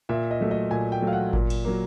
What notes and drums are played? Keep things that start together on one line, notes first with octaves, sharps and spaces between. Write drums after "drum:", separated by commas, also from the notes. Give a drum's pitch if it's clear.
A#2 E5
D#5
F#3 A3
D#5
A#2 G#5
G5
F#3 A3 F5
F#5
A#2, drum: kick G#1
drum: cymbal
F#3 A#3